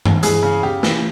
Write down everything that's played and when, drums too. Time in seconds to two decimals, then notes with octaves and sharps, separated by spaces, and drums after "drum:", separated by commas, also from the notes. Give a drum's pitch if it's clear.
0.05 drum: tom
0.23 E3 G#4, drum: hi-hat
0.43 C#3
0.63 C#3 G4
0.83 E3, drum: snare